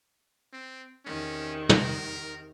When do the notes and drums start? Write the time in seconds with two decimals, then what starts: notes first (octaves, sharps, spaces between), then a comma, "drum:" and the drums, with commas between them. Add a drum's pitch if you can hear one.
0.53 C4
1.05 E2 C3 D#3 C#4
1.69 A#4, drum: tom